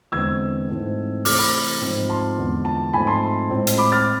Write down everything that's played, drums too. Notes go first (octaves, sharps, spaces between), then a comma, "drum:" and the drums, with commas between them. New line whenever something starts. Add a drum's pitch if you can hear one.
E2 D3 G#3 C4 E6 G#6
G#2 E3 A3 C4
C3 E3 A3 C4 D6 F6, drum: open hi-hat
B5 D6
G#2 F3 A3 C4
A5 C6
E2 D3 F3 G#3 B3
A5
G#2 F3 A3 C4 G#5 B5
A5 C6
A2 G#3 C4
drum: hi-hat
B5 D6
F6 A6